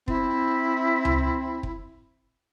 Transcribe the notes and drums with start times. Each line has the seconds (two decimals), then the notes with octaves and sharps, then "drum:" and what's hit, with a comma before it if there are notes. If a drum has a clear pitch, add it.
0.08 C4 E4, drum: kick
1.05 drum: tom C#2
1.63 drum: kick